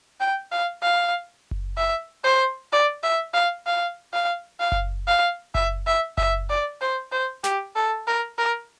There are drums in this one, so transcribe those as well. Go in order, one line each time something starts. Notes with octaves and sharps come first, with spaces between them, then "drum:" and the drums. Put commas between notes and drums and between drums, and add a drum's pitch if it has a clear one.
G5
F5
F5
drum: kick F#1
E5
C5
D5
E5
F5
F5
F5
F5
drum: kick F#1
F5
E5, drum: kick F#1
E5
E5, drum: kick F#1
D5
C5
C5
G4, drum: snare
A4
A#4
A#4